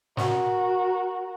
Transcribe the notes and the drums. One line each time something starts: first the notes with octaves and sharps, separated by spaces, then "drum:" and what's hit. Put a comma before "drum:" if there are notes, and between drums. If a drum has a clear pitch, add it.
F#4 A#4, drum: snare